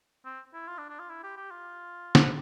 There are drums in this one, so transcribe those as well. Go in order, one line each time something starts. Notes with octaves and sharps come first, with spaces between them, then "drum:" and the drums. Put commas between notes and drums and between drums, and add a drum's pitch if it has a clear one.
C4
E4
F4
D4
D4
F4
E4
G4
G4
F4
drum: snare